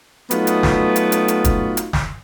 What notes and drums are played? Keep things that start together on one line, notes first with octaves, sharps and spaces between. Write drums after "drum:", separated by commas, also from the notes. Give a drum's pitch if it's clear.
F#3 A3 B3 D#4 F4 F#4, drum: hi-hat
drum: hi-hat
drum: snare
drum: hi-hat
drum: hi-hat
drum: hi-hat
drum: kick, hi-hat
drum: hi-hat
drum: snare